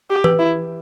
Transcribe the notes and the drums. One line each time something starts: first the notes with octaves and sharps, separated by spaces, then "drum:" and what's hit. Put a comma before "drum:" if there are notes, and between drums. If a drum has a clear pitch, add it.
G4
B4, drum: tom E3
E4